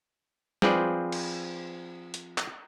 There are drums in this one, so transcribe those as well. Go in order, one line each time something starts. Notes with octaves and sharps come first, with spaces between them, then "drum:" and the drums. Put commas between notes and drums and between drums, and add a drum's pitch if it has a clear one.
F3 C4 G#4 B4 D5, drum: snare
drum: cymbal
drum: hi-hat
drum: clap